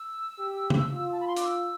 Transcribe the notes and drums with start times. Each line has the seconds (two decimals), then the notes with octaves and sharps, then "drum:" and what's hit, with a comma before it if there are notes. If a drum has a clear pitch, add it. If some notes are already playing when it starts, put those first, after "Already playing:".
Already playing: E6
0.39 G4
0.70 drum: tom C#3
0.92 F4
1.12 A5
1.21 B5
1.28 C6
1.37 D6, drum: hi-hat
1.45 E6